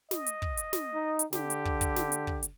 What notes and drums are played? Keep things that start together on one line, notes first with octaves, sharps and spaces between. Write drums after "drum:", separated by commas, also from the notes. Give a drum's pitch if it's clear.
D#5, drum: snare
drum: hi-hat
drum: kick
drum: hi-hat
drum: snare
D#4
drum: hi-hat
D3 G4, drum: snare
drum: hi-hat
drum: kick
drum: kick, hi-hat
drum: snare
drum: hi-hat
drum: kick
drum: hi-hat